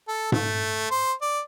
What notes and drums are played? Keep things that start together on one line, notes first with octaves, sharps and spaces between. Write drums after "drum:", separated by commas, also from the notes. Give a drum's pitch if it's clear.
A4
A3, drum: tom G#2
C5
D5